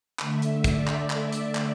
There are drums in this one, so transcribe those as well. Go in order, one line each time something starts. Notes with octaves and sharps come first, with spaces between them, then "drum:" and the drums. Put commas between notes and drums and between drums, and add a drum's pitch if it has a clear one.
D3 A3 E5, drum: clap
drum: hi-hat
D5, drum: kick, hi-hat
drum: clap
drum: clap
drum: hi-hat
drum: clap